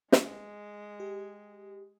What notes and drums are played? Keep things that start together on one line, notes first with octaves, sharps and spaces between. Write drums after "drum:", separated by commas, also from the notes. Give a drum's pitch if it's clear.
G#3, drum: snare
G4